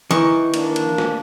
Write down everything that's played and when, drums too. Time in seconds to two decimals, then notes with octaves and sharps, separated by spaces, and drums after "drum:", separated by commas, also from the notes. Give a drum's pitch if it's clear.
0.11 D#3 E3 C#6
0.54 A#3 D4, drum: cymbal
0.76 drum: cymbal
0.98 drum: snare